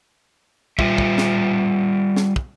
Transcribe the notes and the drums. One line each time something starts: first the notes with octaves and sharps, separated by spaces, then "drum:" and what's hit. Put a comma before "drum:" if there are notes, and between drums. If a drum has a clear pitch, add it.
G3 F4 E5, drum: kick
drum: kick
drum: snare
drum: snare
drum: kick